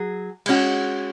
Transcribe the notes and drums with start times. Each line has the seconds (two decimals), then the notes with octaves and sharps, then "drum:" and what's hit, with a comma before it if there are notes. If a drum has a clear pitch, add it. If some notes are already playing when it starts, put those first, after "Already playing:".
Already playing: F#3 G#4
0.46 G#3 C#4 F#4, drum: cymbal